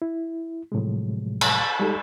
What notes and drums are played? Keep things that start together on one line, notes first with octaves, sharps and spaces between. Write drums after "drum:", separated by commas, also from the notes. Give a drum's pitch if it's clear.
E4
A2 C3 F3 F#3 G#3
drum: cymbal
G3 G#3 D#4 G4 A4